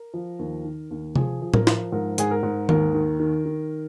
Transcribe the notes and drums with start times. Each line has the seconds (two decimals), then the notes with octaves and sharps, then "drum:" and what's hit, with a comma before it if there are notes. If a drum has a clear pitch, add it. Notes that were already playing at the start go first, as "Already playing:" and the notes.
Already playing: A#4
0.14 F3
0.39 D#2
0.65 D#3
0.91 D#2
1.16 F3 G#4, drum: tom C3
1.42 F3
1.54 A#4, drum: tom A2
1.67 F3, drum: snare
1.92 G#2 A#4
2.18 G#2 G#4, drum: hi-hat
2.31 A#4
2.43 G#2
2.69 D#2 A#4, drum: tom D#3
2.94 D#3
3.20 D#3
3.45 D#3